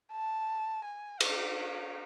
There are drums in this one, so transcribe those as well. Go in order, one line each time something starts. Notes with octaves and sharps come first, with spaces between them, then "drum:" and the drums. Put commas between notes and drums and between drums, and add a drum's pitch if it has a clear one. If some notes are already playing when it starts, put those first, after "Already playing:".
A5
G#5
D5, drum: cymbal
C#5